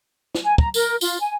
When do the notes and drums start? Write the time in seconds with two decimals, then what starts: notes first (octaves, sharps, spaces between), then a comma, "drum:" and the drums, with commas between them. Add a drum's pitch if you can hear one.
0.35 drum: snare
0.44 G#5
0.58 A#5, drum: kick
0.74 A#4, drum: tambourine
1.01 F4, drum: tambourine
1.20 G#5